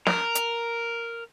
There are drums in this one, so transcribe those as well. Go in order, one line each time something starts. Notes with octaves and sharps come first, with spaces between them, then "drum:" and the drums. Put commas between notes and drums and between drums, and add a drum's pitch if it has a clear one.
A#4, drum: snare
drum: hi-hat